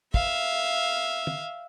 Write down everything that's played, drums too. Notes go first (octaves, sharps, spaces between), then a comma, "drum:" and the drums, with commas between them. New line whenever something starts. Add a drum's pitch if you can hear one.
E5 F5, drum: kick
drum: tom